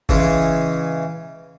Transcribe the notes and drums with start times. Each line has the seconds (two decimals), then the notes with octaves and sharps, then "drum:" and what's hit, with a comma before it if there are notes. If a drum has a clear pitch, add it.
0.09 C#3 E3 G#3, drum: kick F#1